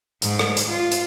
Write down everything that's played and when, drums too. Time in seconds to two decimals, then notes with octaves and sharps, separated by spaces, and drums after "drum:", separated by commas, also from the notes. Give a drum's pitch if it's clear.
0.22 G#2, drum: hi-hat
0.39 drum: rim click
0.57 drum: hi-hat
0.69 F4
0.92 drum: hi-hat